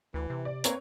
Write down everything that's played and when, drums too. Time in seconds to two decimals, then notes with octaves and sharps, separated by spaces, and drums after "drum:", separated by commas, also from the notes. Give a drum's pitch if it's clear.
0.14 D2 E3
0.30 C3
0.45 D5
0.64 A#3 C4 B4 C#5, drum: hi-hat